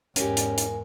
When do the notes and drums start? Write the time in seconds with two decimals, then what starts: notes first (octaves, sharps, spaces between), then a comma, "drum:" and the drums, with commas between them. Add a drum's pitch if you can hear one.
0.16 E2 G#2 C#4 G4 A#4 G#5, drum: hi-hat
0.37 drum: hi-hat
0.58 drum: hi-hat